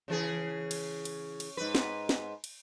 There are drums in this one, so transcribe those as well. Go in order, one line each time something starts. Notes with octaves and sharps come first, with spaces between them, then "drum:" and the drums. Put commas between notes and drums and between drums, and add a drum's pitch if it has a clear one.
C#3 E3 G#4
drum: cymbal
drum: cymbal
drum: cymbal
G#2 B4
drum: snare
drum: snare
drum: cymbal